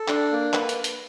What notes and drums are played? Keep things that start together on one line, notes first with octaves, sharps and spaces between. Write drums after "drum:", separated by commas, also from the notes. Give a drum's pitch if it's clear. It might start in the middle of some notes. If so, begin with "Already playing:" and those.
Already playing: A4
D4, drum: clap
A#3
B4, drum: clap
drum: hi-hat
drum: hi-hat